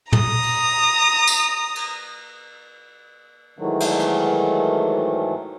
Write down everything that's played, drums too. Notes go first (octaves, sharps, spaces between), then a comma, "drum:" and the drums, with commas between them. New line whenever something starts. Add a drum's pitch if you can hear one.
A#5 D#6, drum: tom
drum: open hi-hat
drum: tambourine
drum: cymbal
G#2 D#3 E3 F#3 A3
drum: cymbal
drum: hi-hat